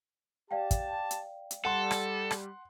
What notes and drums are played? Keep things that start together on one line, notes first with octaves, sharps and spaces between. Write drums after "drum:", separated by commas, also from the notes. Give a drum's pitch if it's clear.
G4 D5 F5 G5 A5
drum: kick, hi-hat
drum: hi-hat
drum: hi-hat
G3 A4 F#5 C6
drum: rim click
drum: rim click